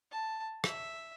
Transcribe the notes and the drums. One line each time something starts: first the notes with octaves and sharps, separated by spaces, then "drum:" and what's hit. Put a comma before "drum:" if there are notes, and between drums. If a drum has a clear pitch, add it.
A5
E5, drum: rim click